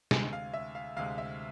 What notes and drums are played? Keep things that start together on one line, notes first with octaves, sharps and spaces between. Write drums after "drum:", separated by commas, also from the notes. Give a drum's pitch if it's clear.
D2 C3 G#3 G#5, drum: snare
F5
E5
F5
D2 C3 G#3 F5
E5